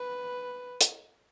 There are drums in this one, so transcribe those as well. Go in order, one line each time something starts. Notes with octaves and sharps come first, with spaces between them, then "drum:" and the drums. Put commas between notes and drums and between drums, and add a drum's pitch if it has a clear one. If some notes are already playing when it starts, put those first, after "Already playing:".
Already playing: B4
drum: hi-hat